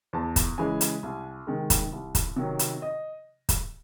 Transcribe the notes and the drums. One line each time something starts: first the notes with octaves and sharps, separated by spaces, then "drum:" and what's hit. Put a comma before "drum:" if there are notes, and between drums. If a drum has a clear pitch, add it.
E2 A5
drum: kick, hi-hat
C#3 E3 G#3 G#5
drum: hi-hat
C2
C3 D#3 G#3
drum: kick, hi-hat
C2
drum: kick, hi-hat
C3 D#3 F#3
drum: hi-hat
D#5
drum: kick, hi-hat